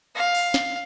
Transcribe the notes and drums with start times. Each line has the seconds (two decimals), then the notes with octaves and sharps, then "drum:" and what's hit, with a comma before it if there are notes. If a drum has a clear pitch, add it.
0.15 F5
0.35 drum: open hi-hat
0.54 drum: snare